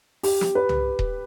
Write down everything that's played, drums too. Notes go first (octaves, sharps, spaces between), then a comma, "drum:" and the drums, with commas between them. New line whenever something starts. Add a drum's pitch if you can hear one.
G4, drum: open hi-hat
drum: snare
B4
drum: tom C2
drum: kick D#1